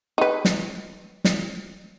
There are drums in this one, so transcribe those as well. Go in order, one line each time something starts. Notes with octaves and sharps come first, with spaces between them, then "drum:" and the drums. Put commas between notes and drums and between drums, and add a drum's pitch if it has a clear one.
D#4 B4
drum: snare
drum: snare